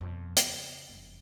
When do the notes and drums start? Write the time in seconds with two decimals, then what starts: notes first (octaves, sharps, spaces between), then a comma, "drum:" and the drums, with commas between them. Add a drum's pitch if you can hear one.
0.01 F2 B2
0.37 C#3, drum: hi-hat
0.89 F#1 F2